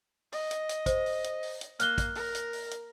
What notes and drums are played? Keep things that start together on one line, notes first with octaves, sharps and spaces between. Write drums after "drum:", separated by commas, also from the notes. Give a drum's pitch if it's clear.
D#5, drum: open hi-hat
drum: hi-hat
drum: hi-hat
C5, drum: kick, hi-hat
drum: open hi-hat
drum: hi-hat
drum: open hi-hat
drum: hi-hat
A#3 F6 F#6 G7, drum: hi-hat
drum: kick, hi-hat
A#4, drum: open hi-hat
drum: hi-hat
drum: open hi-hat
drum: hi-hat